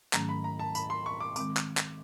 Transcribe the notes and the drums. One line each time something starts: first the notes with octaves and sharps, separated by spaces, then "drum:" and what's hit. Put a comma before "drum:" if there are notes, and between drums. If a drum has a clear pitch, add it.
G#2 D#3 F#3 A3 C#4 A#5, drum: clap
B5
A#5
A5
B5, drum: tambourine
C6
C#6
D6
D#3 G#3 C4 D6, drum: tambourine
drum: clap
drum: clap